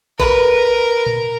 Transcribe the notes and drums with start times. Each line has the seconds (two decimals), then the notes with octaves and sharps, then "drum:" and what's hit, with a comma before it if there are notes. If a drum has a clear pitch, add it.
0.20 A#4 B4, drum: kick G#1
1.06 drum: tom A#2